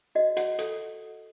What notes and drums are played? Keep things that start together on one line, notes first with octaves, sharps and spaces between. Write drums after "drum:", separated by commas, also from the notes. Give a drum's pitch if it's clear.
F#4 D#5
F#4 F#5, drum: hi-hat
A4, drum: hi-hat